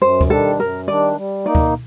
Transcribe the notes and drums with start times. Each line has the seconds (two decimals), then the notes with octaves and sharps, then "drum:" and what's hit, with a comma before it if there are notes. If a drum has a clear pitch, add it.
0.01 F#2 C5
0.21 drum: kick D2
0.30 D#3 G3 D4 A4
0.59 F#2 A#4
0.87 D#3 G3 D4 D5
1.17 G3
1.46 A#3 D#4 D5
1.55 drum: kick D2